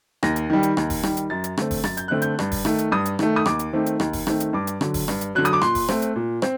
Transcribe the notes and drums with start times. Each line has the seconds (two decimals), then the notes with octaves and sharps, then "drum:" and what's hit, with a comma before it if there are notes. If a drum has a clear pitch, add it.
0.23 D#2 A#6, drum: rim click
0.36 drum: hi-hat
0.50 D#3 G3
0.63 drum: hi-hat
0.77 D#2, drum: rim click
0.90 drum: kick F1, open hi-hat
1.03 D#3 G3, drum: rim click
1.17 drum: hi-hat
1.30 F#2 A6
1.44 drum: hi-hat
1.57 D3 A3 C4, drum: rim click
1.71 drum: kick F1, open hi-hat
1.84 F#2 A6, drum: rim click
1.97 G6, drum: hi-hat
2.08 D3 A3 C4 F#6
2.22 G6, drum: hi-hat
2.39 G2, drum: rim click
2.52 drum: kick F1, open hi-hat
2.65 D#3 A3, drum: rim click
2.78 drum: hi-hat
2.92 G2 D#6
3.05 drum: hi-hat
3.19 D#3 A3, drum: rim click
3.36 D#6
3.46 D#2 D6, drum: rim click
3.59 drum: hi-hat
3.73 D#3 A3 C4
3.86 drum: hi-hat
4.00 D#2, drum: rim click
4.13 drum: kick F1, open hi-hat
4.27 D#3 A3 C4, drum: rim click
4.40 drum: hi-hat
4.53 G2 D6
4.67 drum: hi-hat
4.81 D3 F#3, drum: rim click
4.94 drum: kick F1, open hi-hat
5.08 G2, drum: rim click
5.21 drum: hi-hat
5.35 D3 F#3 F#6
5.45 D#6, drum: hi-hat
5.53 D6
5.61 A#2 C6, drum: rim click
5.75 drum: kick F1, open hi-hat
5.88 A3 C4, drum: rim click
6.02 drum: hi-hat
6.16 A#2
6.42 C4, drum: rim click